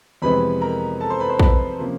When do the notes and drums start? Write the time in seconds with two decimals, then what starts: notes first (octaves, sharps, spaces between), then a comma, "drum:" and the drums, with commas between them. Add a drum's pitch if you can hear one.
0.22 F2 C3 E3 G#3 B3 B4 B5
0.61 A#4 A#5
1.00 A4 A5
1.10 C5 C6
1.20 B4 B5
1.29 C5 C6
1.39 B4 B5, drum: kick
1.79 C3 F3 A#3 C#4